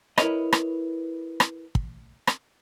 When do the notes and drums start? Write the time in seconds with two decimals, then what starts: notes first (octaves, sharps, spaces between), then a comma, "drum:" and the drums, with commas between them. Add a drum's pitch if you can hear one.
0.18 E4 A#4 B4 C#5 D#5, drum: rim click
0.53 drum: rim click
1.40 drum: rim click
1.75 drum: kick
2.27 drum: rim click